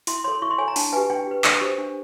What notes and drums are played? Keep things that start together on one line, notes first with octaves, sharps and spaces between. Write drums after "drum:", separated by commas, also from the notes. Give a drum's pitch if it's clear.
E4 C6, drum: hi-hat
A4 C#5 C6
E4 C#6
C6
A4 C#5 G#5
A#5
D4 A5, drum: open hi-hat
G4 B4 G#5
D4 G5
G4 B4
D4, drum: clap
G4 C5
D4